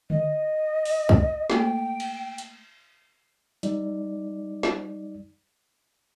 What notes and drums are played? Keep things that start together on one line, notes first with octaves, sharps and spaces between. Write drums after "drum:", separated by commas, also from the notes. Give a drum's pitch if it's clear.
D#5, drum: tom D3
drum: open hi-hat
drum: kick
A3 A#3 A4 G5, drum: snare
drum: cymbal
drum: hi-hat
G3 D#4 D5, drum: hi-hat
drum: snare